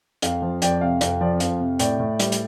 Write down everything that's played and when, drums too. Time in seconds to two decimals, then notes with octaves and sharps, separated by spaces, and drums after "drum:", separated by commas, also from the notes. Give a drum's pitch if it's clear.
0.22 F2 F5, drum: hi-hat
0.42 F3
0.62 F2 D5 G5, drum: hi-hat
0.81 C3 F5
1.01 F2 F5, drum: hi-hat
1.21 F3 D5
1.40 F2 F5, drum: hi-hat
1.61 C3
1.79 A2 D5 G5, drum: hi-hat
2.00 A2
2.20 G3, drum: hi-hat
2.32 drum: hi-hat